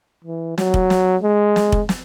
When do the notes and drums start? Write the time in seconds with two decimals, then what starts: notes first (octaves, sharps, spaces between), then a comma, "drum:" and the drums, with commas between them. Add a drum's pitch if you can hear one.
0.24 E3
0.58 F#3, drum: snare
0.74 drum: kick
0.90 drum: snare
1.22 G#3
1.56 drum: snare
1.72 drum: kick
1.89 drum: snare